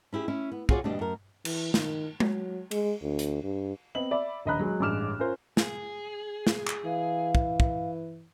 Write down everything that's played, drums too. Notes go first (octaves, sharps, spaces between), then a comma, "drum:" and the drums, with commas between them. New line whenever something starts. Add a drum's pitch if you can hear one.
C#4 E4 G4 G#4
C#4 E4
B3
F4 F#4 G#4 B4 C#5 D5, drum: kick
D2 B2 G3 D4 G4 D#5
F#2 A#4
E3, drum: cymbal
D#3, drum: snare
F#3, drum: tom G#3
G#3, drum: cymbal
D2
drum: hi-hat
G2
B3 C4 D#5 F#7
D5 E5 B5
D#1 A#1 D#5 A#5 B5 F#6
F#3 G#3
A1 G2 G#3 D6 F6 E7
C#4 F4 A#4 C5
G#4, drum: snare
drum: snare
drum: clap
E3 F5
drum: kick
drum: kick